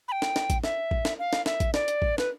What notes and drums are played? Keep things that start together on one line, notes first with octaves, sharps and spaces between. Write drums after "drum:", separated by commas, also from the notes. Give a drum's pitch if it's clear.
B5
G5
drum: snare
drum: snare
drum: kick, hi-hat
E5, drum: snare
drum: kick
drum: snare
F5
drum: snare
E5, drum: snare
drum: kick, hi-hat
D5, drum: snare
drum: hi-hat
drum: kick
B4, drum: snare